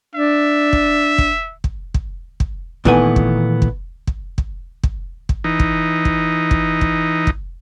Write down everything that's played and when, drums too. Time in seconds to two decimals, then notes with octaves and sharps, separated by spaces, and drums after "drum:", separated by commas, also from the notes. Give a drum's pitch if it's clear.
0.15 D4 E5
0.73 drum: kick
1.18 drum: kick
1.64 drum: kick
1.94 drum: kick
2.40 drum: kick
2.85 A#2 D#3 E3 A3 B3 G#5, drum: kick
3.16 drum: kick
3.62 drum: kick
4.07 drum: kick
4.38 drum: kick
4.83 drum: kick
5.29 drum: kick
5.44 E3 D#4
5.60 drum: kick
6.05 drum: kick
6.51 drum: kick
6.81 drum: kick
7.27 drum: kick